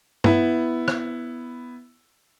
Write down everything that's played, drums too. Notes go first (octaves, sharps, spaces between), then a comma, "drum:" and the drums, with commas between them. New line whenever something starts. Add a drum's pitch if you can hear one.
B3 E4, drum: tom
drum: rim click